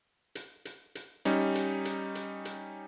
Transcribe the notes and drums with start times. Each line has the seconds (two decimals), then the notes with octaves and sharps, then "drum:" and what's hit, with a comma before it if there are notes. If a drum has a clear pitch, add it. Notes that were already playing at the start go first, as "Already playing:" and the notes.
0.35 drum: hi-hat
0.65 drum: hi-hat
0.95 drum: hi-hat
1.25 G3 C#4 D#4, drum: hi-hat
1.55 drum: hi-hat
1.85 drum: hi-hat
2.15 drum: hi-hat
2.45 drum: hi-hat